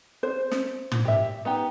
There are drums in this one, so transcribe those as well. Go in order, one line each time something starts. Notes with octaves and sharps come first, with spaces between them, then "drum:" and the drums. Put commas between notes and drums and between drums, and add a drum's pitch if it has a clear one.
C5
drum: snare
drum: tom
G4 E5
B3 D#4 G4